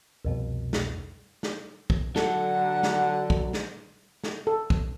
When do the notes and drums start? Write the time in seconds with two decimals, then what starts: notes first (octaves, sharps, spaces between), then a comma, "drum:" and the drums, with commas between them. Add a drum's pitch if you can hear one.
0.25 C2 F2 B2
0.73 drum: snare
1.43 drum: snare
1.90 drum: kick
2.16 D3 F#3 A4 F#5, drum: snare
2.83 drum: snare
3.30 drum: kick
3.53 drum: snare
4.24 drum: snare
4.47 A4
4.70 drum: kick